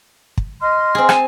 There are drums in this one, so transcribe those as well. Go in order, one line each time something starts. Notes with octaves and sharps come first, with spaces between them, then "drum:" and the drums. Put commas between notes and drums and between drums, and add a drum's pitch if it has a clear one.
drum: kick
D#5 C6 F6
C4 G#4
G#5 A5, drum: rim click